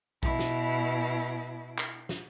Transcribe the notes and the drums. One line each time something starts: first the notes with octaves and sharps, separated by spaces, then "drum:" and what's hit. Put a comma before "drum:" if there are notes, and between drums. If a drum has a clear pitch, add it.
B2 E4, drum: kick A#1
drum: snare
drum: clap
drum: snare